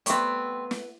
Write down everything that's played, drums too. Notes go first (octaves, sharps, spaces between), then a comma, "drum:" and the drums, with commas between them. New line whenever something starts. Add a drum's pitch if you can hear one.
G3 A3 B3 C4, drum: hi-hat
drum: snare